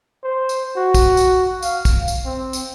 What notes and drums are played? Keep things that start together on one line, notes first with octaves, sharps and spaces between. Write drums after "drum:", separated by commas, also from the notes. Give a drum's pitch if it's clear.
C5
drum: tambourine
F#4
drum: kick, tambourine
drum: tambourine
F5, drum: tambourine
drum: kick, tambourine
drum: tambourine
C4
drum: tambourine